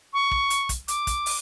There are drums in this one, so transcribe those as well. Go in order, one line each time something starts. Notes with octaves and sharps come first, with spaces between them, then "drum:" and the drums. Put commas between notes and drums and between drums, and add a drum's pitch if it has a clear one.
C#6
drum: kick
drum: hi-hat
drum: kick, hi-hat
D6, drum: hi-hat
drum: kick, hi-hat
drum: open hi-hat